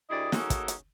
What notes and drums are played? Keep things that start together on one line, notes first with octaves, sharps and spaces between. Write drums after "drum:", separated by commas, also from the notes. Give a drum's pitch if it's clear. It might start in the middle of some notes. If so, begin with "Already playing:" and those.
D2 E4 G4 G#4 D5 D#5
C#3 A#3 C#4 D#4 F#4 A4, drum: snare
drum: kick, hi-hat
drum: hi-hat